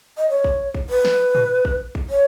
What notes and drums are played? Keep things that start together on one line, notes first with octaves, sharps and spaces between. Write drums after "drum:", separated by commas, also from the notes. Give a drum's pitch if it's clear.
D#5
C#5
drum: kick
drum: kick
B4
drum: snare
drum: tom
drum: kick
drum: kick
C#5